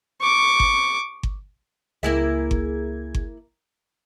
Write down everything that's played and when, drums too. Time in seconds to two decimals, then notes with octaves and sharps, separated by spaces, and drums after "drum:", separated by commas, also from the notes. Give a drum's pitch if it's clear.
0.21 C#6 D6
0.60 drum: kick G1
1.23 drum: kick G1
2.03 C#2 A#3 E4 G#4 E5 G#6
2.51 drum: kick G1
3.14 drum: kick G1